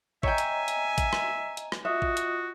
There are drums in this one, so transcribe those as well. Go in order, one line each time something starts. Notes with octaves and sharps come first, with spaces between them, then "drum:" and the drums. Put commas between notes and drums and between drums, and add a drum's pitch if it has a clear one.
C#5 D#5 E5 G5 G#5 A#5, drum: kick A1
drum: hi-hat
drum: hi-hat
drum: kick A1, hi-hat
drum: rim click
drum: hi-hat
drum: rim click
F4 F#4 D#5 E5 D#6
drum: kick A1
drum: hi-hat